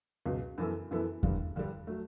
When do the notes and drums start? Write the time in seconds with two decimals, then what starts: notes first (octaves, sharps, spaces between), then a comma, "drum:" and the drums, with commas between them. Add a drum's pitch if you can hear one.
0.26 C#2 B2 F#3
0.58 F#2 E3 B3 E4 A4
0.91 F#2 E3 B3 E4 A4
1.23 G2 D3 G3, drum: kick E2
1.56 G2 D3 G3
1.87 F#3 A3